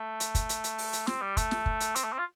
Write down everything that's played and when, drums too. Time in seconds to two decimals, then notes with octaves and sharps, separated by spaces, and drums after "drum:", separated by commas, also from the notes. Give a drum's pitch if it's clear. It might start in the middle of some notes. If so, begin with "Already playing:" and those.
Already playing: A3
0.20 drum: hi-hat
0.35 drum: kick, hi-hat
0.49 drum: hi-hat
0.64 drum: hi-hat
0.78 drum: open hi-hat
0.93 drum: hi-hat
1.07 C4, drum: snare
1.22 G3
1.37 A3, drum: kick, hi-hat
1.51 drum: snare
1.66 drum: kick
1.80 drum: hi-hat
1.95 C4, drum: hi-hat
2.03 A3
2.13 C4
2.18 F4